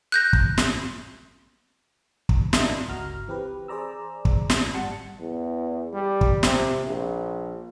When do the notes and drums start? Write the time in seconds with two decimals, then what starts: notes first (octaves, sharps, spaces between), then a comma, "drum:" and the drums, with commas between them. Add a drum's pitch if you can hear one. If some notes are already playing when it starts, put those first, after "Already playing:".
0.12 F#6 G6 A#6
0.33 drum: kick
0.57 drum: snare
2.29 drum: kick
2.53 D4 E4 F#4 A#4 D#5, drum: snare
2.88 G1 C#2 F#4 A#5 F6
3.28 E3 C4 G4 B4
3.68 G#4 C5 D5 A#5 E6
4.25 drum: kick
4.50 drum: snare
4.74 G#1 G3 F#5 A5 A6 C#7
5.20 E2
5.93 G3
6.21 drum: kick
6.43 C3, drum: snare
6.86 A#1